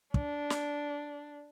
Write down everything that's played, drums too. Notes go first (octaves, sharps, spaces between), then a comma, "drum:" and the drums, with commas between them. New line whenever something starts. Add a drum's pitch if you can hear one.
D4, drum: kick
drum: snare